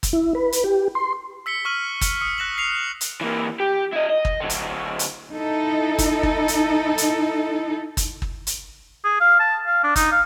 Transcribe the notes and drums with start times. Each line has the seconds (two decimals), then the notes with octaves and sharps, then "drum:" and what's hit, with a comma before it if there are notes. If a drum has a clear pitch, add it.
0.03 drum: kick, hi-hat
0.13 E4
0.35 B4
0.52 drum: hi-hat
0.64 G4
0.95 C6
1.46 E6 B6 C#7 G7
1.65 C#6 F6 D#7 F#7
2.01 drum: kick, hi-hat
2.20 D#6 C#7
2.38 F#6 A#6 E7 F#7
2.58 C7 F7
3.01 drum: hi-hat
3.21 E3 A#3
3.60 G4
3.93 E4 D#5
4.10 D#5
4.25 drum: kick
4.40 D3 F#3
4.50 drum: hi-hat
4.99 drum: hi-hat
5.34 D#4 E4 A4
5.98 drum: kick, hi-hat
6.23 drum: kick
6.48 drum: hi-hat
6.98 drum: hi-hat
7.97 drum: kick, hi-hat
8.22 drum: kick
8.47 drum: hi-hat
9.04 G#4
9.20 F5
9.40 A5
9.66 F5
9.84 D4
9.96 D#4, drum: kick, hi-hat
10.12 F5